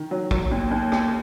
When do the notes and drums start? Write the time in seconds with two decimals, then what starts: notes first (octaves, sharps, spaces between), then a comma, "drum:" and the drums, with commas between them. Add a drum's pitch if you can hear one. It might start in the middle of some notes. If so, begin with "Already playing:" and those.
Already playing: D#3
0.11 F#3
0.31 F#3, drum: kick
0.52 D#2
0.71 D#2
0.92 D#2, drum: rim click